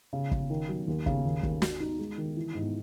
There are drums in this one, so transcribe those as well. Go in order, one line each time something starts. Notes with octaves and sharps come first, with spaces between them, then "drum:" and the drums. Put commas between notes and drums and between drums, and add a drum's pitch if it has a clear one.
C#3
C#3, drum: kick
D#3
F#3
D#2
C#3, drum: kick
D#2
D#2, drum: kick
F#4, drum: snare
D#4
G#3
D#3
E3
G#2